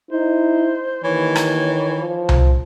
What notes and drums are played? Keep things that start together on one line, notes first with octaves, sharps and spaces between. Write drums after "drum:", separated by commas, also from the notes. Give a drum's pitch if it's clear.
D#4 E4 C5
D#2 D#3 E3 C#5
drum: rim click
F3
drum: tom C2